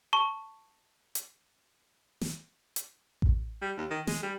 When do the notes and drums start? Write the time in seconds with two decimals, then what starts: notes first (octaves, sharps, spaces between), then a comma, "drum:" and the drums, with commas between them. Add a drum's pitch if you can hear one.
0.13 A5 C#6
1.15 drum: hi-hat
2.21 drum: snare
2.76 drum: hi-hat
3.22 drum: kick A1
3.62 G3
3.77 D#2
3.91 D#3
4.07 G#3, drum: snare
4.23 G3